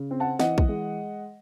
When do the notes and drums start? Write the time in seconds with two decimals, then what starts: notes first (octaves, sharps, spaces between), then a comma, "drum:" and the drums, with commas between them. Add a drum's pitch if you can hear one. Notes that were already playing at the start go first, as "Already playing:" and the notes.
Already playing: C#3
0.11 C4
0.20 F#5 A5
0.39 E3 D#5 F#5, drum: snare
0.58 drum: kick
0.69 G#3